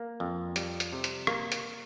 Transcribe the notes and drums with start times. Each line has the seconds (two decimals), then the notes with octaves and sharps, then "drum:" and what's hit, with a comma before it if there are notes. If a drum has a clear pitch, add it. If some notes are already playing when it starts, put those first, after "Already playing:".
Already playing: A#3
0.20 F2
0.56 G3, drum: hi-hat
0.80 drum: hi-hat
0.93 C3
1.04 drum: hi-hat
1.27 A#3, drum: rim click
1.52 drum: hi-hat